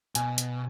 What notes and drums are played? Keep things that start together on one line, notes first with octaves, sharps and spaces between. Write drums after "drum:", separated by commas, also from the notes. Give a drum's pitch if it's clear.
B2 G#5, drum: hi-hat
drum: hi-hat